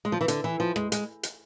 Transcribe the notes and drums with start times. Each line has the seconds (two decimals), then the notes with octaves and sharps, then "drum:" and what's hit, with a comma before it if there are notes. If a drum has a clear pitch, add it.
0.05 G#3
0.12 F3
0.21 E3
0.28 D3, drum: hi-hat
0.44 E3
0.60 F3
0.76 G#3, drum: rim click
0.92 G#3, drum: hi-hat
1.23 drum: hi-hat